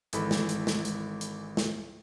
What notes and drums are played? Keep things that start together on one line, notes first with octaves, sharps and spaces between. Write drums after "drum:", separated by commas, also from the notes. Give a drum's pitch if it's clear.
G#1 E3 G#3 A4 B5, drum: hi-hat
drum: snare
drum: hi-hat
drum: snare
drum: hi-hat
drum: hi-hat
drum: snare